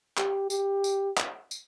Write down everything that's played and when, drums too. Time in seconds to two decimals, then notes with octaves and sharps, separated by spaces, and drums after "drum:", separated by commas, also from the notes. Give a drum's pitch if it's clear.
0.17 G4, drum: clap
0.50 G4, drum: tambourine
0.84 drum: tambourine
1.18 drum: clap
1.51 drum: tambourine